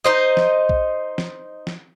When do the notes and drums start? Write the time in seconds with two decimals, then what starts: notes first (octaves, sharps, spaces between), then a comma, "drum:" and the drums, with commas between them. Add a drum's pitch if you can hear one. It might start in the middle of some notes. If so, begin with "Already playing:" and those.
0.04 D#4 C5 D#5
0.37 drum: snare
0.69 drum: kick B1
1.18 drum: snare
1.67 drum: snare